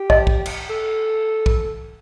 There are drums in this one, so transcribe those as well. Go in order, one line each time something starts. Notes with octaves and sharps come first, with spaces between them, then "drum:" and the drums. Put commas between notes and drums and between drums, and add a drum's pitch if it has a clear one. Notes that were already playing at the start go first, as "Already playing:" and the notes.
Already playing: G4
D#5, drum: kick
drum: kick
drum: cymbal
A4
drum: kick